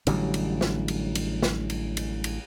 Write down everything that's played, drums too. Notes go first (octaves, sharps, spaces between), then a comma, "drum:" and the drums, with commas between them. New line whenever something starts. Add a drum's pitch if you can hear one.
A1 D3 F#3 G3, drum: cymbal
drum: cymbal
drum: snare
drum: cymbal
drum: cymbal
drum: snare
drum: cymbal
drum: cymbal
drum: cymbal